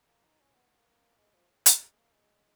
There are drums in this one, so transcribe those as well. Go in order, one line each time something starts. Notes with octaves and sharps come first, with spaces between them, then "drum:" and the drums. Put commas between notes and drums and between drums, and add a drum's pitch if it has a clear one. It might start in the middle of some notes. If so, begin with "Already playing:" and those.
A#3
D#4
C#4
B3
B3
A#3
G#3
F3
C#3
C#3, drum: hi-hat
G#3
A#3
G#3